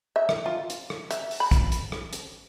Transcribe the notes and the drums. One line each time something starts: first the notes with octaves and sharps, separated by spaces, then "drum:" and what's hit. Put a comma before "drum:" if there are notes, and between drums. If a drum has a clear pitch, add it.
E5
drum: rim click
F4
drum: hi-hat
drum: rim click
E5, drum: hi-hat
drum: open hi-hat
B5
drum: kick, hi-hat
drum: hi-hat
drum: rim click
drum: hi-hat